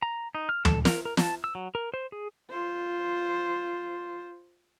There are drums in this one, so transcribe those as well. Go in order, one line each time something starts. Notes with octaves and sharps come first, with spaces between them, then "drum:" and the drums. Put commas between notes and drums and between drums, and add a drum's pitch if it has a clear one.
A#5
D#4
F6
A4, drum: tom
A#4, drum: snare
A#4
A5, drum: snare
E6
F#3
A#4
C5
G#4
F4 C5